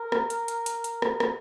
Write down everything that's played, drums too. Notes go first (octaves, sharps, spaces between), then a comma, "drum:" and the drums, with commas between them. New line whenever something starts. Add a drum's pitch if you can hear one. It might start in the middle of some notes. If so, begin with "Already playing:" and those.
Already playing: A#4
drum: rim click
drum: hi-hat
drum: hi-hat
drum: hi-hat
drum: hi-hat
drum: rim click
drum: rim click